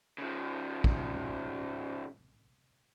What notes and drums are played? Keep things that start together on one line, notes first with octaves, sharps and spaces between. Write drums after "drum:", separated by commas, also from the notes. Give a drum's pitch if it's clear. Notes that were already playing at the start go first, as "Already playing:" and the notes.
C#3 F3
drum: kick